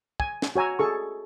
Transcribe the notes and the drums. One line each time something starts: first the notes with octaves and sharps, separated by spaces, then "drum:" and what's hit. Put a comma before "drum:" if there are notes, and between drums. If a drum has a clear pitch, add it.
G#5, drum: kick
drum: snare
F#4 C#5 G#5 A#5 E6
G#4 A4 C#6